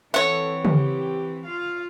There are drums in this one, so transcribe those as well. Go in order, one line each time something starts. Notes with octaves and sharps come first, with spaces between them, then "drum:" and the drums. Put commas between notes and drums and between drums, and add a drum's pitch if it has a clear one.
E3 C4 A4 C#5 E5 F#5
G4, drum: tom
F4 F5